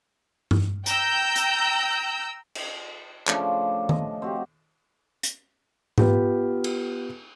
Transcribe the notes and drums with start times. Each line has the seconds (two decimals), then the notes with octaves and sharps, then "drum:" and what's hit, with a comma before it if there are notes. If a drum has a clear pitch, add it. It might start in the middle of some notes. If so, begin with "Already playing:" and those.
0.51 drum: tom G2
0.86 G5 A#5 E6 G6, drum: hi-hat
1.36 drum: hi-hat
2.55 drum: cymbal
3.27 C#3 F3 A3 D4, drum: clap
3.89 D#5, drum: tom D#3
4.22 C4 F#4 G4
5.23 drum: hi-hat
5.98 B3 F4 G4 B4, drum: tom G#2
6.64 drum: cymbal